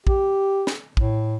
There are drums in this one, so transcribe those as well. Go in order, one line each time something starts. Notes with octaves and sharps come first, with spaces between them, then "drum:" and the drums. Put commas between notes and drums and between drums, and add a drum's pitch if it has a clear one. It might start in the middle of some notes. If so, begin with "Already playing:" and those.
G4, drum: kick
drum: snare
A2, drum: kick